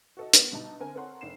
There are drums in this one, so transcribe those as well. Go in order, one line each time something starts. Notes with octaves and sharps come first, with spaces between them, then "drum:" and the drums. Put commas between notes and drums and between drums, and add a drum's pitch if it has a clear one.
F#4 A4 D#5
B3 A#4, drum: hi-hat
G2 B2 G3 D#4 A5
D3 C4 A#4 G#5
C4 A4 A#4 C#5 F#5 C6
F1 D4 C7 E7